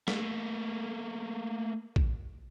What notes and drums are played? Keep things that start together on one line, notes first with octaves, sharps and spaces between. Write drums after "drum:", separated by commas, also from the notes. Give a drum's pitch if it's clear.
A3 A#3, drum: snare
drum: kick A#1